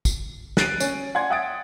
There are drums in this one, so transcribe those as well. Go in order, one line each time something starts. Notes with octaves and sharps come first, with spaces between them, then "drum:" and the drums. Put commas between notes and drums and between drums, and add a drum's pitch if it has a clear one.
drum: kick, tambourine
F#6 A6 C7 D7 D#7, drum: snare
C#4, drum: tambourine
D5 F#5 G#5 C6 G#6
E5 F#5 G5 D#6 A6 D7